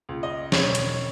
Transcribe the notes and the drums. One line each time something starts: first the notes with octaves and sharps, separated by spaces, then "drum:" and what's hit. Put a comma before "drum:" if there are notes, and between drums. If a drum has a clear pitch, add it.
C#2
D#5
E1 C#5, drum: snare
drum: hi-hat